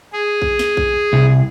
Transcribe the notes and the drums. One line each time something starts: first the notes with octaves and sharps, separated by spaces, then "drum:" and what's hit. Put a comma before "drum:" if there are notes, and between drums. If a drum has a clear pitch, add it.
G#4
drum: kick
drum: snare
drum: kick
C2